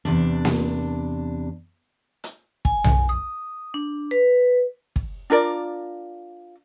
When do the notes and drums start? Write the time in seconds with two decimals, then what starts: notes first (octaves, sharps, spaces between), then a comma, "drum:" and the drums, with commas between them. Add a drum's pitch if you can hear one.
0.05 E2 C3 D4
0.45 drum: snare A#3
2.24 drum: hi-hat
2.65 G#5, drum: kick
2.84 drum: tom B1
3.09 D#6
3.74 D4
4.11 B4
4.96 drum: kick
5.30 D4 F4 A#4 D5